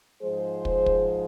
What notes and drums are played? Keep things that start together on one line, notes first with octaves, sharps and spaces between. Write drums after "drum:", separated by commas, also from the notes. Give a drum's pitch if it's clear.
G#2 F3 G#3 G#4 C5
drum: kick
drum: kick